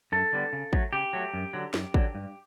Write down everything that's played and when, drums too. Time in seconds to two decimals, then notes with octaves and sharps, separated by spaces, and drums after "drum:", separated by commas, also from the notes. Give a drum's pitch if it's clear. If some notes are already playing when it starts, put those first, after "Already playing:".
0.12 F#2 A4
0.33 D3 G3 B3
0.53 C#3
0.73 F#3 A3, drum: kick
0.93 C#3 G4
1.13 F#3 A3
1.34 F#2
1.53 D3 F#3
1.74 F#2, drum: snare
1.94 D3 F#3, drum: kick
2.15 G2